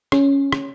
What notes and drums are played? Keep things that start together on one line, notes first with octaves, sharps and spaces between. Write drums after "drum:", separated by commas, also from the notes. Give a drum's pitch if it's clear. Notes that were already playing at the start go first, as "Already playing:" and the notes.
C#4, drum: rim click
drum: rim click